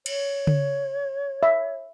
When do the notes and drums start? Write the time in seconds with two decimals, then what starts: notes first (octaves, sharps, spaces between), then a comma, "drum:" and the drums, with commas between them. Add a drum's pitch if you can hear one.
0.06 C#5, drum: cymbal
0.47 drum: tom C#3
1.43 E5